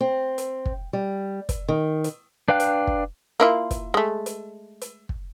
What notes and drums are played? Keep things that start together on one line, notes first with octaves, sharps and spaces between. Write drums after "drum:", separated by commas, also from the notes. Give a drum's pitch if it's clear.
C4
drum: hi-hat
drum: kick
G3
drum: kick, hi-hat
D#3
drum: hi-hat
D4 B4 F5 G5 F#6
drum: hi-hat
drum: kick
A#3 E4 F4
drum: kick, hi-hat
G#3 A3
drum: hi-hat
drum: hi-hat
drum: kick